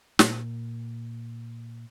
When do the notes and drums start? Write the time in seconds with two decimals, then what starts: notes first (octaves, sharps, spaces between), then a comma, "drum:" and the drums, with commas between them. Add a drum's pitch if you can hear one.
0.19 A#2, drum: snare